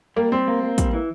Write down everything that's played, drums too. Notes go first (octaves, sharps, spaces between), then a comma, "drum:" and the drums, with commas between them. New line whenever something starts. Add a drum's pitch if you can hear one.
G3 A#3
G3 C4
A#3
A#3
G3, drum: kick, hi-hat
E3